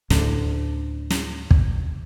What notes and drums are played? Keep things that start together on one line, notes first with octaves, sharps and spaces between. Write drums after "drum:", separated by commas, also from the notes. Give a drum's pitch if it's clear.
D2 A2 D3, drum: snare
drum: snare
drum: kick